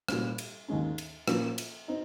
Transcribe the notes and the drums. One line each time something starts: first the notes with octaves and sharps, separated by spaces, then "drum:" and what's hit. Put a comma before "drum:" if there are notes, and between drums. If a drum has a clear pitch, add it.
A#2 G3 C#4, drum: rim click
drum: cymbal
D#2 D#3 G#3 C#4
drum: cymbal
A#2 F3 A#3 C#4, drum: rim click
drum: cymbal
C4 D#4